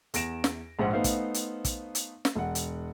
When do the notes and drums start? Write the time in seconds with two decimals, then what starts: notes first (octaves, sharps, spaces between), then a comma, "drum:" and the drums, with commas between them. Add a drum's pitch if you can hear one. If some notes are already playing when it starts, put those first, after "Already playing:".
0.14 E2 A#6 D7 E7, drum: hi-hat
0.44 drum: snare
0.79 A#1 G#2 C5 F#5
0.93 A3 B3 D#4 C5 F5
1.04 drum: kick, hi-hat
1.34 drum: hi-hat
1.65 drum: kick, hi-hat
1.95 drum: hi-hat
2.25 drum: snare
2.36 E1 F#5
2.55 drum: hi-hat